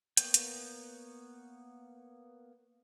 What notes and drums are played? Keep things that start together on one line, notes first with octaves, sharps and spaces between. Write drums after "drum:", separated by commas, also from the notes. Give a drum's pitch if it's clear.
A#3 B3 C#5 G5, drum: hi-hat
drum: hi-hat